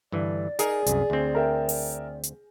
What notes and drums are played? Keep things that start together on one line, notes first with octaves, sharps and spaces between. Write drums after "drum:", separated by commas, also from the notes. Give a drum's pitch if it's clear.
G2 D3 E3 D5
D#4 G#4 A#4, drum: hi-hat
C2 F#2, drum: hi-hat
D2 C4
A#4 E5 G5
drum: open hi-hat
drum: hi-hat